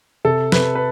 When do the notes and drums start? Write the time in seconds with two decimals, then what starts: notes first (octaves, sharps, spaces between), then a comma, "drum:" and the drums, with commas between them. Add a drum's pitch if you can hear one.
0.25 C3 A4
0.52 C3 B4, drum: snare
0.75 B4